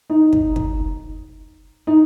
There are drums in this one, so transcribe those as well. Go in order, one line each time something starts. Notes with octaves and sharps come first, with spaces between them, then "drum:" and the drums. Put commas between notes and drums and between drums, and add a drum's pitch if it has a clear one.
D#4
drum: kick
drum: kick
D#4